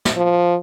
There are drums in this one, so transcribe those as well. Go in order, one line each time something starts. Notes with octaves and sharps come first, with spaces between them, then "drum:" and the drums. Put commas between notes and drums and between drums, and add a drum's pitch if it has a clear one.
drum: snare
F3